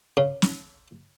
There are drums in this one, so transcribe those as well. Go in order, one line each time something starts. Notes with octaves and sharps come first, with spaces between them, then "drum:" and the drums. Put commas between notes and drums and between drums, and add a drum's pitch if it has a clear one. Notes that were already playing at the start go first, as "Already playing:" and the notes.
C#3
drum: snare